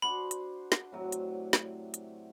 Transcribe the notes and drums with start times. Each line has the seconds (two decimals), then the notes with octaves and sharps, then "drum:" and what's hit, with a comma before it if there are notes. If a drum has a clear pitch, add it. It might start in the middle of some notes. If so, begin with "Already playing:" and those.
0.02 D4 F#4 C5 B5
0.31 drum: hi-hat
0.72 drum: snare
0.92 A2 C3 F#3
1.12 drum: hi-hat
1.53 drum: snare
1.94 drum: hi-hat